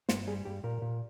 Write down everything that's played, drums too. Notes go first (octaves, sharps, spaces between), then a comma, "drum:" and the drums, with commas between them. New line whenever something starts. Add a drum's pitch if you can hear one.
G2 C5, drum: snare
G3 G#4
G2 G4
A#2 A#4
A#2